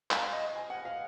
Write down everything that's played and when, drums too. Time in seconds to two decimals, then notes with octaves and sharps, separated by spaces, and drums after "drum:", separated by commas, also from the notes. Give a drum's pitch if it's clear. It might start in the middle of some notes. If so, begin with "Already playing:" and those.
0.11 F5, drum: clap
0.33 D#5
0.55 G#5
0.70 F#5
0.85 F5